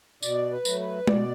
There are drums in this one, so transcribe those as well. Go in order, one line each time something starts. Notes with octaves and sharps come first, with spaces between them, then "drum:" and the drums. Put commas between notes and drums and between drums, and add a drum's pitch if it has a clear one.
B2 D5, drum: tambourine
B4
F#3 A3, drum: tambourine
B4
B2 D5, drum: tom G#3